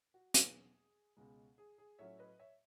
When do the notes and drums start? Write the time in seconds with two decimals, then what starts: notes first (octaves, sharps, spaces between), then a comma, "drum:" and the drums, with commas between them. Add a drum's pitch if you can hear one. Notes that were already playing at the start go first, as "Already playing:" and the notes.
0.14 F#4
0.34 E2 B2 F#3 G#4, drum: hi-hat
1.17 C#2 B2 G#3
1.58 G#4
1.78 G#4
1.99 A2 F#3 C#4 C#5 E5
2.19 B4 D#5
2.39 C#5 E5